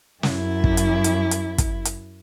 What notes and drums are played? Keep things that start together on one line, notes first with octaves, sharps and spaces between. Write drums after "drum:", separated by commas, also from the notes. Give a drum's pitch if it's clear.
F#2 E4, drum: snare
drum: kick
drum: hi-hat
drum: hi-hat
drum: hi-hat
drum: kick, hi-hat
drum: hi-hat